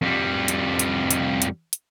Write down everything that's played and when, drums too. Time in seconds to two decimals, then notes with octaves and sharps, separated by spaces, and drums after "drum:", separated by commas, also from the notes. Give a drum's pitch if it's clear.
0.02 F2 G3
0.48 drum: hi-hat
0.79 drum: hi-hat
1.11 drum: hi-hat
1.42 drum: hi-hat
1.73 drum: hi-hat